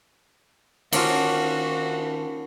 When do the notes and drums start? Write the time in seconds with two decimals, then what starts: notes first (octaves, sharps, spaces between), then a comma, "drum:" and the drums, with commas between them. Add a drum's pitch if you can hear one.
0.93 D#3 A#3 C#4 F4 F#4 A4, drum: cymbal